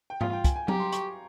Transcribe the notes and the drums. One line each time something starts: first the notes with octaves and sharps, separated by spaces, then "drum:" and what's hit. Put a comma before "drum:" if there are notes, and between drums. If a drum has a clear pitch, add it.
G5
F4 F5, drum: tom G#2
G5
G#5, drum: kick, hi-hat
G#5
G4 A#5, drum: tom F#3
C6
C#6, drum: hi-hat